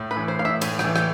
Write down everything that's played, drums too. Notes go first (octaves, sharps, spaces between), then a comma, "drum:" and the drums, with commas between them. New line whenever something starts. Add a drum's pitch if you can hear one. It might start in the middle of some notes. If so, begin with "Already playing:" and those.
Already playing: A2
B4
E3
C5
A2 F5
E5
A2 G#5, drum: cymbal
E3 G5, drum: rim click
G5, drum: rim click